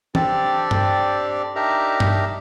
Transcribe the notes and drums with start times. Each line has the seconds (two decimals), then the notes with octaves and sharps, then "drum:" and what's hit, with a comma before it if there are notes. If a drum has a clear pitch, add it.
0.15 C4 D4 G4 A4 D5, drum: tom E3
0.71 drum: tom G2
1.56 D4 D#4 G4 A#4 E5 A#5
2.00 drum: tom G2